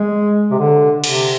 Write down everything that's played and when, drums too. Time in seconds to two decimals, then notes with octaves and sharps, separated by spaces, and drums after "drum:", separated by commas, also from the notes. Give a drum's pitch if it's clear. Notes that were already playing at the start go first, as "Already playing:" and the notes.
Already playing: G#3
0.51 C3
0.59 D3
1.04 C3, drum: cymbal